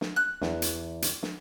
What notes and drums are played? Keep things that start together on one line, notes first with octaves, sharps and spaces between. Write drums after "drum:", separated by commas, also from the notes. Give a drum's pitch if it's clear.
drum: snare
F#6
E2, drum: snare
drum: hi-hat
drum: hi-hat
drum: snare